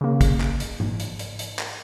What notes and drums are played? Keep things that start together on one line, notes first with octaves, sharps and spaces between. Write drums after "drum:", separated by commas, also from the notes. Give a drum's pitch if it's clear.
C#3 A#3
drum: kick, hi-hat
drum: clap
drum: hi-hat
drum: tom G#2
drum: hi-hat
drum: hi-hat
drum: hi-hat
drum: clap